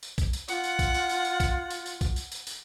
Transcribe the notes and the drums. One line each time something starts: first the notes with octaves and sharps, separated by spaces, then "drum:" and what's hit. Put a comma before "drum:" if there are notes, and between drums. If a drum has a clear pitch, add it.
drum: tambourine
drum: kick A#1, tambourine
drum: tambourine
F4 F#5, drum: tambourine
drum: tambourine
drum: kick A#1, tambourine
drum: tambourine
drum: tambourine
drum: tambourine
drum: kick A#1, tambourine
drum: tambourine
drum: tambourine
drum: kick A#1, tambourine
drum: tambourine
drum: tambourine
drum: tambourine